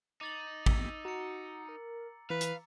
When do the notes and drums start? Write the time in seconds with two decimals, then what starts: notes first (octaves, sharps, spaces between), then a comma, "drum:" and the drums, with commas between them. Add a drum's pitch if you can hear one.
0.21 D#4 D6 A6 F#7
0.66 E6, drum: kick A1
1.05 F#4 A#5 C#7
1.69 A#4
2.30 E3 B4 F5
2.41 drum: hi-hat